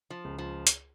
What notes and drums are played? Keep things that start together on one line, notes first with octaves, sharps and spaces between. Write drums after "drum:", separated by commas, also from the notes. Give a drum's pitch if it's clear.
F3
C#2
F3
drum: hi-hat